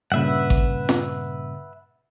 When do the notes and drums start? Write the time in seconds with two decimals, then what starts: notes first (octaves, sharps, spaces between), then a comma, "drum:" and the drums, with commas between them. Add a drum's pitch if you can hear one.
0.12 G2 A#2 C#3 B4 E5 F#5
0.50 drum: kick G#1
0.89 drum: snare